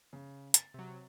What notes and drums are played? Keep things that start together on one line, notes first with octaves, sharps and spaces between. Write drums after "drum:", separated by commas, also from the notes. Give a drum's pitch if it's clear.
C#3
A6, drum: hi-hat
C3 F#3